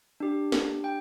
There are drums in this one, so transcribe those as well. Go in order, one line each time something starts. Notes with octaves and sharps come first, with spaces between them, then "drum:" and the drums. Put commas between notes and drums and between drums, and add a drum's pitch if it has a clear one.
D4 G4
drum: snare
G5